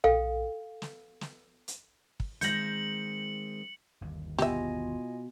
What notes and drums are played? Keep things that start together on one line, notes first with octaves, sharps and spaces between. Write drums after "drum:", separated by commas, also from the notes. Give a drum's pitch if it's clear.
A4 F5 G5, drum: tom B1
drum: snare
drum: snare
drum: hi-hat
drum: kick
D#3 G#3 C4 G6 A#6 C#7 F#7, drum: hi-hat
G1 D#2
B2 F4 G4 D#5 E5 G#5, drum: snare